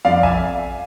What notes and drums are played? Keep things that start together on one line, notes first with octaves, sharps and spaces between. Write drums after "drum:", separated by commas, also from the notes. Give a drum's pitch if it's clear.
F2 D5 F5
E5 G#5, drum: kick A1